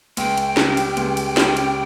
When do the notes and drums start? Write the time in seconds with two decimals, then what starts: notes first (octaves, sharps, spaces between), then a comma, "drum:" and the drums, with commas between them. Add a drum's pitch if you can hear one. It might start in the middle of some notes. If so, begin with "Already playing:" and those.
0.17 C#2 G5, drum: cymbal
0.38 drum: cymbal
0.57 C#3 G3, drum: snare
0.77 drum: cymbal
0.97 C#2, drum: cymbal
1.17 drum: cymbal
1.37 C#3 G3, drum: snare
1.57 drum: cymbal